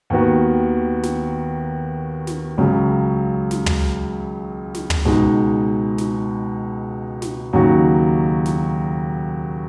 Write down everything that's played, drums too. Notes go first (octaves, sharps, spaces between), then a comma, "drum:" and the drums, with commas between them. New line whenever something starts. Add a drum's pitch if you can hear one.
D#2 D#3 B3 F#4
drum: snare
drum: snare
C#2 C#3 F#3
drum: snare
drum: tom
drum: snare
drum: tom
C#2 B2 G#3 D#4
drum: snare
drum: snare
D#2 C#3 F#3 D#4 F#4
drum: snare